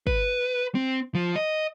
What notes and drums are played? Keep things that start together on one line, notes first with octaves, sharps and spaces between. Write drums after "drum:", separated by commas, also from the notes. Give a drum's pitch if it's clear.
B4, drum: kick
C4
F3
D#5